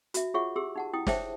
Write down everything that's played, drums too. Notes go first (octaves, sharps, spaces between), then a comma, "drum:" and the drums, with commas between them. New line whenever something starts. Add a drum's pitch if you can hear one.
F#4 E5, drum: hi-hat
F4 G#4 C#5 E5 F#5 C#6
G4 G#4 C6 E6
D#4 F#5 A5
E4 G5 D#6
G#4 C5 C#5 E5 G5 A5, drum: snare